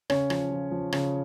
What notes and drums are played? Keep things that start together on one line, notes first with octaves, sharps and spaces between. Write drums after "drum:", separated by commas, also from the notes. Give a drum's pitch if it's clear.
C#3 C#4 C#5, drum: rim click
F3, drum: rim click
F3
F3
C#3, drum: rim click